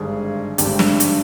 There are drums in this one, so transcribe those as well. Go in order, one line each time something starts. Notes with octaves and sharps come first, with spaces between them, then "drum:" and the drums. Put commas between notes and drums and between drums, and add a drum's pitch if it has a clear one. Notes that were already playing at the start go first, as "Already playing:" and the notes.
Already playing: G#1 G2 D3 G#4
G#1 G2 D3 G4, drum: hi-hat
drum: snare
drum: hi-hat